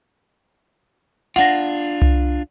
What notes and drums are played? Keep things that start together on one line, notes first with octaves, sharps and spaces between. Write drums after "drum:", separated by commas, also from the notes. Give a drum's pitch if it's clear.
D4 F4 F#5 A#6
drum: tom C2